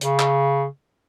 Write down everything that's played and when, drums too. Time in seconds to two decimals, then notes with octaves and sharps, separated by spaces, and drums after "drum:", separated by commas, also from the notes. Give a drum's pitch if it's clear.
0.01 C#3, drum: hi-hat
0.19 drum: clap